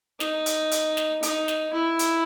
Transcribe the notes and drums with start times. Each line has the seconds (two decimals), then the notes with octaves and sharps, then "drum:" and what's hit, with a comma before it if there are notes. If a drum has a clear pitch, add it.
0.20 D#4, drum: snare
0.46 drum: hi-hat
0.71 drum: hi-hat
0.97 drum: snare
1.23 D#4, drum: hi-hat
1.48 drum: snare
1.73 E4
1.99 drum: hi-hat